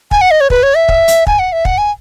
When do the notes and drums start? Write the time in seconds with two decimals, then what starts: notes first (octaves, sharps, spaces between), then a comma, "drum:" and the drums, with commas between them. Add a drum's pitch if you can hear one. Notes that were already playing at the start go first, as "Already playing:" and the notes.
0.11 G#5, drum: kick
0.21 F#5
0.31 D#5
0.41 C#5
0.50 B4, drum: kick
0.63 C#5
0.76 E5
0.89 drum: kick
1.08 drum: hi-hat
1.27 G#5, drum: kick
1.39 F#5
1.52 E5
1.65 F#5, drum: kick
1.78 G#5